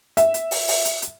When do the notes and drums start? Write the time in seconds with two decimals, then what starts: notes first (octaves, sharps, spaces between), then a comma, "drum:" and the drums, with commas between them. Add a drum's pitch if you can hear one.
0.17 E5, drum: hi-hat
0.34 drum: hi-hat
0.51 drum: open hi-hat
0.68 drum: open hi-hat
0.85 drum: hi-hat
1.02 drum: hi-hat